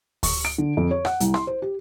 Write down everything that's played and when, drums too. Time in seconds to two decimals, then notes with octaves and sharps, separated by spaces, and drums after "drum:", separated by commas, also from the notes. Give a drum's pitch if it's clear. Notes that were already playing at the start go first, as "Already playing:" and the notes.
0.23 C#6, drum: kick D2, open hi-hat
0.45 D7
0.58 D3
0.77 F2
0.91 C#5
1.05 F#5, drum: rim click
1.20 C2, drum: hi-hat
1.34 C6, drum: rim click
1.47 C5
1.62 G4